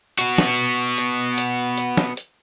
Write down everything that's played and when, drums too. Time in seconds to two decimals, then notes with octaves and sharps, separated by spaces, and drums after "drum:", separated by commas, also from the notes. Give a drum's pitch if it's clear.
0.18 B3 F#4, drum: hi-hat
0.38 drum: snare
0.98 drum: hi-hat
1.38 drum: hi-hat
1.78 drum: hi-hat
1.97 drum: snare
2.17 drum: hi-hat